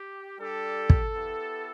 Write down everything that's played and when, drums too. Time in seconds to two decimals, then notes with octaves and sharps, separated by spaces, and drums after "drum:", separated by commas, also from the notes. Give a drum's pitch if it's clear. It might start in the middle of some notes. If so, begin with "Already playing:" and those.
Already playing: G4
0.39 G3 D4 G4 A4
0.90 drum: kick
1.15 B3 E4 G4